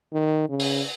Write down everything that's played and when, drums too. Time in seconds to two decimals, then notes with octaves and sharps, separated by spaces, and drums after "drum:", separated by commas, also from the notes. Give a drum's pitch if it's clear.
0.13 D#3
0.49 C#3
0.60 drum: open hi-hat